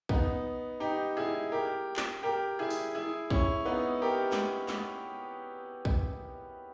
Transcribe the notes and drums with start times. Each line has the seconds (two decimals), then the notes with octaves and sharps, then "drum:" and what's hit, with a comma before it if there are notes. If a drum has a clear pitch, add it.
0.09 B3 D#4, drum: kick A#1
0.80 D#4 G4
1.17 E4 G#4
1.52 G4 A#4
1.96 drum: clap
2.23 G4 A#4
2.59 E4 G#4
2.70 drum: open hi-hat
2.95 E4 G#4
3.30 C#4 E4, drum: kick A#1
3.65 B3 D#4
4.02 G4 A#4
4.32 drum: snare
4.69 drum: snare
5.85 drum: kick A#1